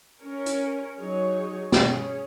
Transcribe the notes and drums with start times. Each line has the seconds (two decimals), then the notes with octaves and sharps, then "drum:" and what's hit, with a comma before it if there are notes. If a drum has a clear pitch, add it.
0.21 C#4 A#4 C#5
0.46 drum: hi-hat
0.96 F#3 D#4 G#4 C#5
1.72 C#4 G#4 C#5, drum: snare